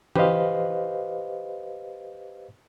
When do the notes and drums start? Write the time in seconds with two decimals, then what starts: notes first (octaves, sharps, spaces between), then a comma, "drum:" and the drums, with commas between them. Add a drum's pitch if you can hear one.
0.16 G4 B4 C5 D#5 F5, drum: tom E3